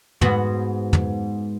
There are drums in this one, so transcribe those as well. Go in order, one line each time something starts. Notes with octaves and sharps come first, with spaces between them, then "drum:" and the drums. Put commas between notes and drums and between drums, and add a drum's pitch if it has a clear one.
G#2 B3 F#4, drum: tom
drum: tom